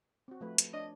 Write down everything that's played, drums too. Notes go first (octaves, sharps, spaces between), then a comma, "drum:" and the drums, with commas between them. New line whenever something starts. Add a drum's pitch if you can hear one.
C4 F#4
F3 A3 B4
drum: hi-hat
D4 C#5 D#5